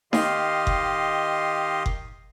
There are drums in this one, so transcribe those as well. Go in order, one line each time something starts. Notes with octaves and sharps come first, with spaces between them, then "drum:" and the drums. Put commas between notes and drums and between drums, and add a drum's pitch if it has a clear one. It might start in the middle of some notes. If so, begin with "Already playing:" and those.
D#3 G4 D#5 F5 C6, drum: snare D#4
drum: kick F#1
drum: kick F#1